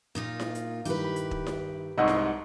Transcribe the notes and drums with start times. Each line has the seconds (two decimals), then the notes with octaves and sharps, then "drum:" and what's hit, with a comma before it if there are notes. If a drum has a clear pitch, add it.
0.15 A#2 D#4 F4
0.40 drum: snare E4
0.55 drum: hi-hat
0.85 G2 D#3 E4 G4 B4, drum: hi-hat
1.05 B5
1.16 drum: hi-hat
1.31 drum: kick
1.47 drum: snare E4
1.98 C2 G#2 D#4 D#5 F#5 C6 C#6 E6
2.08 drum: snare E4